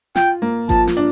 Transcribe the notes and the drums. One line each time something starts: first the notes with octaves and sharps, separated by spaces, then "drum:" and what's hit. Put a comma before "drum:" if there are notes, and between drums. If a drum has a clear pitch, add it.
F4 G5, drum: snare
A#3
F3 A5, drum: kick G#1, hi-hat
drum: snare
D4